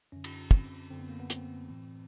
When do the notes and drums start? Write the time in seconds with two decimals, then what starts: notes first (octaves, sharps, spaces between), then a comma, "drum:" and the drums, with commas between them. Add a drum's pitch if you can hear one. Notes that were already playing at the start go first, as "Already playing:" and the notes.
0.12 F#2 D3 C#4
0.24 drum: cymbal
0.51 C4, drum: kick
0.91 F#2 D3 C4
0.99 B3
1.09 A#3
1.20 B3
1.30 C4, drum: hi-hat
1.68 A2 E3